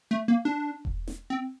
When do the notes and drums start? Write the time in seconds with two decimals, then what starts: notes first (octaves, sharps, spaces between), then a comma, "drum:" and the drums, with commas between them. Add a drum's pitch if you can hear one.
0.11 A3
0.28 A#3
0.45 D4
0.85 drum: kick E1
1.08 drum: snare
1.30 C4